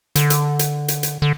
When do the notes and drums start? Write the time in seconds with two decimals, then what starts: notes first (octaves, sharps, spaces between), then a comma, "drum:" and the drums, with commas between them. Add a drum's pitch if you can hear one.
0.16 D3, drum: hi-hat
0.30 drum: hi-hat
0.59 drum: hi-hat
0.88 drum: hi-hat
1.03 drum: hi-hat
1.22 D3